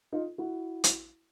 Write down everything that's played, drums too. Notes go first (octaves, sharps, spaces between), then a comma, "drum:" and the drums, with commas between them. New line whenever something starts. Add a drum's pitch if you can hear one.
D#4 F4
E4 F#4
drum: hi-hat